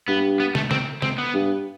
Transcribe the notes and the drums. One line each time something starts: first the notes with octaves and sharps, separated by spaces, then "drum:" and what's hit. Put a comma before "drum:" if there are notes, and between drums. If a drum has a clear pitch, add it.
G2 B3
B3
A3, drum: snare
C4, drum: snare
C4, drum: snare
B3
G2